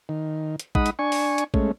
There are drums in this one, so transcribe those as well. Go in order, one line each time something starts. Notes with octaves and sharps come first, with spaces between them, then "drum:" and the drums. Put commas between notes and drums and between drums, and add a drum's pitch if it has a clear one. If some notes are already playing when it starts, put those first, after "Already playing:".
D#3
drum: hi-hat
G#3 D#4 F#5 B5 D#6, drum: kick A1
drum: hi-hat
D4 G#5 C#6
drum: open hi-hat
drum: hi-hat
G#3 A3 C#4, drum: kick A1